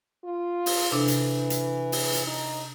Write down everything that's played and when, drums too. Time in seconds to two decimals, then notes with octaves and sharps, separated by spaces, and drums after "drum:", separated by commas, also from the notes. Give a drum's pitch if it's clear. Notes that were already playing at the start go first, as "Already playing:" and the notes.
0.24 F4
0.66 drum: open hi-hat
0.92 C3 E3 D4 A4
1.08 drum: hi-hat
1.50 drum: hi-hat
1.92 drum: open hi-hat
2.13 drum: hi-hat
2.27 D#4